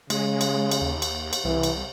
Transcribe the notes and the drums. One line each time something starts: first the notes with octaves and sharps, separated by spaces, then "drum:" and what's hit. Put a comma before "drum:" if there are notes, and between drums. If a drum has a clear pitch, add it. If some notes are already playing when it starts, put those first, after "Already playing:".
C#3 G#3, drum: cymbal
drum: cymbal
drum: cymbal
D#2
drum: cymbal
drum: cymbal
C2 E3
drum: cymbal